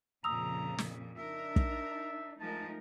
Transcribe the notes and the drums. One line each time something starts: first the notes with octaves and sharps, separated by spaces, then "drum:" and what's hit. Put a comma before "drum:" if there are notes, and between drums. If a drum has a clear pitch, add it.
F2 A#2 C#3 F3 A#5 D#6 E6 F7
drum: snare
D4 D#4 A#4 E5
drum: kick
F3 G#3 A3 D#4 A#4 A5